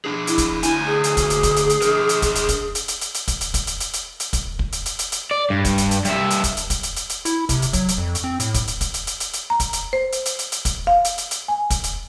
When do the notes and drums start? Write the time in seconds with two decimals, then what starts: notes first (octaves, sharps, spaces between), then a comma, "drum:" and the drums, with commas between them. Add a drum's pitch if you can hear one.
0.05 D4 G#4
0.27 E4, drum: hi-hat
0.38 drum: kick, hi-hat
0.63 D2 E4 G#5, drum: hi-hat
0.86 G#4
1.04 drum: hi-hat
1.17 drum: kick, hi-hat
1.30 drum: hi-hat
1.43 drum: kick, hi-hat
1.56 drum: hi-hat
1.70 drum: hi-hat
1.81 D4 A#4, drum: hi-hat
2.09 drum: hi-hat
2.22 drum: kick, hi-hat
2.35 drum: hi-hat
2.49 drum: kick, hi-hat
2.75 drum: hi-hat
2.88 drum: hi-hat
3.01 drum: hi-hat
3.14 drum: hi-hat
3.28 drum: kick, hi-hat
3.41 drum: hi-hat
3.54 drum: kick, hi-hat
3.67 drum: hi-hat
3.80 drum: hi-hat
3.93 drum: hi-hat
4.20 drum: hi-hat
4.33 drum: kick, hi-hat
4.59 drum: kick
4.72 drum: hi-hat
4.86 drum: hi-hat
4.99 drum: hi-hat
5.12 drum: hi-hat
5.31 D5
5.50 G2
5.65 drum: kick, hi-hat
5.78 drum: hi-hat
5.91 drum: hi-hat
6.05 G2 E5, drum: hi-hat
6.30 drum: hi-hat
6.44 drum: kick, hi-hat
6.57 drum: hi-hat
6.70 drum: kick, hi-hat
6.83 drum: hi-hat
6.96 drum: hi-hat
7.09 drum: hi-hat
7.25 E4, drum: hi-hat
7.49 C3, drum: kick, hi-hat
7.62 drum: hi-hat
7.73 F#3, drum: kick, hi-hat
7.88 drum: hi-hat
7.98 F2
8.15 drum: hi-hat
8.24 C4
8.40 A2, drum: hi-hat
8.54 drum: kick, hi-hat
8.67 drum: hi-hat
8.81 drum: kick, hi-hat
8.94 drum: hi-hat
9.07 drum: hi-hat
9.20 drum: hi-hat
9.33 drum: hi-hat
9.50 A#5
9.60 drum: kick, hi-hat
9.73 drum: hi-hat
9.93 C5
10.12 drum: hi-hat
10.26 drum: hi-hat
10.39 drum: hi-hat
10.52 drum: hi-hat
10.65 drum: kick, hi-hat
10.87 F5
11.05 drum: hi-hat
11.18 drum: hi-hat
11.31 drum: hi-hat
11.48 G#5
11.70 drum: kick, hi-hat
11.84 drum: hi-hat